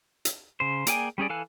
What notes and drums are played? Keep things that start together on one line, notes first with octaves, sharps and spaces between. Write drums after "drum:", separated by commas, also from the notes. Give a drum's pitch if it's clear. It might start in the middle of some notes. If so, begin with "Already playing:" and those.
drum: hi-hat
C#3 C5
A#3 G#4 D5 G5 G#5, drum: hi-hat
G3 C#4 G#4 D5
E3 A4 F5 G#5 F#6